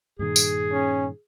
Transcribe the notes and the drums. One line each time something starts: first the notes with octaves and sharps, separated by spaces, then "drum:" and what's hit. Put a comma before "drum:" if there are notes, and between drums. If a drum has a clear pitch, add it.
G2 A#2 D#3 G#4
drum: tambourine
C#4